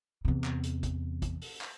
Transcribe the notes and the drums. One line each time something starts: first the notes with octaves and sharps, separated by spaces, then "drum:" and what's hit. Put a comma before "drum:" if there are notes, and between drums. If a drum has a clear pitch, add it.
E2 C3
drum: clap
drum: hi-hat
drum: kick, hi-hat
drum: kick, hi-hat
drum: open hi-hat
drum: clap